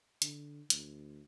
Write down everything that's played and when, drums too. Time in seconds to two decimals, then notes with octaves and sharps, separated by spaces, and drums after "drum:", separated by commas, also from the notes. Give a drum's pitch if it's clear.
0.22 D3, drum: hi-hat
0.70 D2, drum: hi-hat